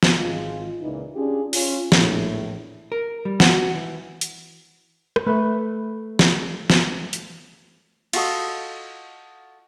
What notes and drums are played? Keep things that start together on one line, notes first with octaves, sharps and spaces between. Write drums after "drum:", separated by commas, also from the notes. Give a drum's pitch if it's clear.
drum: snare
G#1 G#3 F4
C#2 A#2 E3 D#4
C#4 D4 F4 G4 G#4
C#4 F4, drum: open hi-hat
A#1 E2 A2, drum: snare
A#4
G3
F#4, drum: snare
E3
drum: hi-hat
drum: rim click
A3 B4
drum: snare
drum: snare
drum: hi-hat
F4 F#4 A4 D#5, drum: cymbal